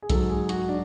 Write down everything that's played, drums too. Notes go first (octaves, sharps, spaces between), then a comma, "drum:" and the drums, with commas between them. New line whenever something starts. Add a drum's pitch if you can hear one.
G#4
G#2 F#3 A4, drum: kick B1, hi-hat
G#4
F#4, drum: hi-hat
D4